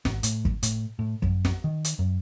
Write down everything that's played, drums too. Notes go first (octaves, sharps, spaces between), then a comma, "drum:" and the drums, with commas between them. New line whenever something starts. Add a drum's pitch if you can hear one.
G#1, drum: snare
A2, drum: hi-hat
drum: kick
A2, drum: hi-hat
A2
F#2, drum: kick
drum: snare
D#3
drum: hi-hat
F#2